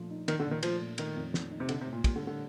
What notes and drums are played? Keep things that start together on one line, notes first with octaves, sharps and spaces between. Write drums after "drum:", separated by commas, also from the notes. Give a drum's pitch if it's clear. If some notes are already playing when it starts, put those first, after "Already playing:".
Already playing: A#2 F3 A3
D#4
D#3 D4, drum: cymbal
D3
A#2
D#3
F3 A3, drum: cymbal
A#2
D#3 A3, drum: cymbal
F2
D#3, drum: snare
D#4
C3
D3 C4, drum: cymbal
C3
A2
A#2
A#2 G3, drum: kick, cymbal
D3
A2
D3